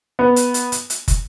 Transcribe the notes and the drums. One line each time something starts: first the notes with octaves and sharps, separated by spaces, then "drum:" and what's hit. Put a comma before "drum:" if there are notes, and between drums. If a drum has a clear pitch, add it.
B3
drum: hi-hat
drum: hi-hat
drum: hi-hat
drum: hi-hat
drum: kick, hi-hat